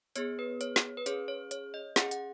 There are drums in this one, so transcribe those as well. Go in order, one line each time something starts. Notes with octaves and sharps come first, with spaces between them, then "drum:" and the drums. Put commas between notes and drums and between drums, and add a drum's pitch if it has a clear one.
B3 G#4 C#5, drum: hi-hat
B4
C#5, drum: hi-hat
drum: snare
B4
C#4 G#4 C#5, drum: hi-hat
C#5
C#5, drum: hi-hat
D#5
C#4 G#4 F#5, drum: snare
F#5, drum: hi-hat